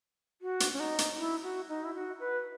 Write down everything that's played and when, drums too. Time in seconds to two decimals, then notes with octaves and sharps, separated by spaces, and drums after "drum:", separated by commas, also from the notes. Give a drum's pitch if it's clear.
0.42 F#4
0.60 drum: hi-hat
0.73 C#4
0.80 D#4
0.98 drum: hi-hat
1.18 E4
1.43 F#4
1.69 D#4
1.84 E4
1.94 F#4
2.20 B4